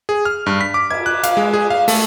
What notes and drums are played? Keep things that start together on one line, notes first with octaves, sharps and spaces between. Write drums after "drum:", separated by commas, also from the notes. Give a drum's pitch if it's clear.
G#4
F6
G2
B6
D6
G#6, drum: cymbal
F#6
F5, drum: hi-hat
G#3
G#4
F5
A3, drum: open hi-hat